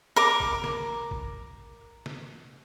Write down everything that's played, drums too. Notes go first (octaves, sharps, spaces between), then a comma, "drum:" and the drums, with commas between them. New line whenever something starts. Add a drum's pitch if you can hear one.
A#4 A#5 D6
drum: kick A1
drum: snare
drum: kick A1
drum: snare